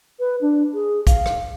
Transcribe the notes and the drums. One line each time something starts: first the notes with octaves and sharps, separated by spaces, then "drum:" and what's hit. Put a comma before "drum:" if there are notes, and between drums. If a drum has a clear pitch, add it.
B4
D4
G#4
F5, drum: kick, hi-hat
drum: rim click